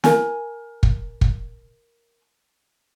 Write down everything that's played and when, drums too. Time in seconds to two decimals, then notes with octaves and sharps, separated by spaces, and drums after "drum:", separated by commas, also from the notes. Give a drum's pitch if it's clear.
0.04 A#4 G#5, drum: snare
0.83 drum: kick
1.21 drum: kick